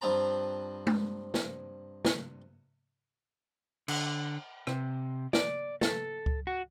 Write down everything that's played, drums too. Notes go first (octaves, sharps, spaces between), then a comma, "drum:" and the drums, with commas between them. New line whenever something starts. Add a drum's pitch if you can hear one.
G2 F3 C4 B4 A#5
drum: tom G#3
drum: snare
drum: snare
D3, drum: cymbal
C3, drum: rim click
D5, drum: snare
A4, drum: snare
drum: kick C#2
F#4